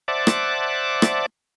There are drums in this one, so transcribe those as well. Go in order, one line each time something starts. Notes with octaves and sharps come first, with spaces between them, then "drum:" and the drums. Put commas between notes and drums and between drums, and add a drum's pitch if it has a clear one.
C5 D5 E5 F#5 A5 D6
drum: rim click
drum: rim click